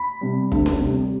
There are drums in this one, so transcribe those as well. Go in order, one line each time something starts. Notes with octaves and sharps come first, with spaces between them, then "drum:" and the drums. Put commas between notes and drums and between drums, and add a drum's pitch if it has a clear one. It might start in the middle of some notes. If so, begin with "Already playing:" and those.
Already playing: B5
C3 G3
D2, drum: kick
drum: snare C#4
C3 G3